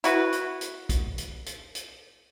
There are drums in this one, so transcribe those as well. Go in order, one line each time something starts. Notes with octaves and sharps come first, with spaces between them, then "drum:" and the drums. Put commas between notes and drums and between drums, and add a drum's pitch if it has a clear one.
E4 F#4 B4, drum: hi-hat
drum: hi-hat
drum: hi-hat
drum: kick, hi-hat
drum: hi-hat
drum: hi-hat
drum: hi-hat